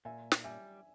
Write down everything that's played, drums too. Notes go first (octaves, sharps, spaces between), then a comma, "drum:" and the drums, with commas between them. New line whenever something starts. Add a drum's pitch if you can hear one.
A#2 E5 G#5
drum: snare
G3 E5 G#5